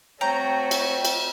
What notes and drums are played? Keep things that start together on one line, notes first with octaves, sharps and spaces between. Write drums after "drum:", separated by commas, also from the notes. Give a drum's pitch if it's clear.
A3 C4 F#4 C#5 G5 A#5
drum: cymbal
drum: cymbal